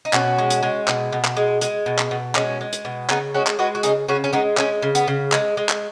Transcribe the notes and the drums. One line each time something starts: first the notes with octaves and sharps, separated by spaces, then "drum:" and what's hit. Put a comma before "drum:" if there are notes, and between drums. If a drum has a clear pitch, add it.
D#4
B2 C#4 F#4, drum: clap
G#3
drum: hi-hat
G#3
B2, drum: clap
B2
drum: clap
G#3
G#3, drum: hi-hat
B2
drum: clap
B2
G#3 C#4, drum: clap
G#3
drum: hi-hat
B2
C#3 B3 D#4, drum: clap
G#3 C#4 F#4
drum: clap
G#3 F#4 B4
F#4
C#3 D#4 G#4, drum: hi-hat
C#3 C#4 F#4
C#4
G#3 B3 D#4
G#3 C#4, drum: clap
C#3
B3, drum: hi-hat
C#3
G#3, drum: clap
G#3
drum: clap